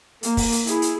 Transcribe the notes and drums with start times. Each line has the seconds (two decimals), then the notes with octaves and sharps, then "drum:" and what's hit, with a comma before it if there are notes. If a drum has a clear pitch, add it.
0.23 A#3, drum: hi-hat
0.37 drum: kick, open hi-hat
0.52 drum: hi-hat
0.67 E4 G#4, drum: hi-hat
0.82 drum: hi-hat